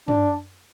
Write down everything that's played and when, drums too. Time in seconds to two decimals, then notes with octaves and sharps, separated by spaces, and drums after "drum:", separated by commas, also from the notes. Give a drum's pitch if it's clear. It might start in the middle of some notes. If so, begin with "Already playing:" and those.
0.08 D4, drum: tom